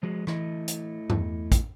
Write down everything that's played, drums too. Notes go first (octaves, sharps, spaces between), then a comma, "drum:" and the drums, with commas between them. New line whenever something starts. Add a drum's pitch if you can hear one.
F3 G#3 F#4
E3 A3 E4 D#5, drum: rim click
drum: hi-hat
E2, drum: tom G2
drum: kick, hi-hat